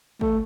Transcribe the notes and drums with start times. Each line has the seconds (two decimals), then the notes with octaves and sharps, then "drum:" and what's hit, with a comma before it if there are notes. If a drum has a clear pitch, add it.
0.21 A3, drum: kick